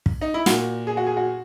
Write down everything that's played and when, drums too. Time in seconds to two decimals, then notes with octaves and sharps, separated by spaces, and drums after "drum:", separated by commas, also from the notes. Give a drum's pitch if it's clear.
0.06 drum: kick
0.21 D#4
0.34 E4
0.46 A#2 F#4, drum: snare
0.87 G#4
0.97 F#4
1.07 G#4
1.17 F#4